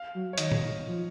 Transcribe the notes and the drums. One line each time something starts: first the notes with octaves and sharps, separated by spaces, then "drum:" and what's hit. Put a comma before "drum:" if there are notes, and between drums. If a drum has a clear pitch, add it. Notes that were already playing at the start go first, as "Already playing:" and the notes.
Already playing: F5
F#3
C#5
D#3 D#5, drum: hi-hat
drum: tom A#2
F3